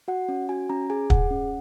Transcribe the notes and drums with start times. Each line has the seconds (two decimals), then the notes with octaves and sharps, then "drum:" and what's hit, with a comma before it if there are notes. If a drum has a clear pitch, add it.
0.08 F#4 F#5
0.29 C#4
0.49 F#4 G#5
0.70 C#4 A#5
0.90 G#4 G#5
1.10 G#4 F#5, drum: kick
1.31 C#4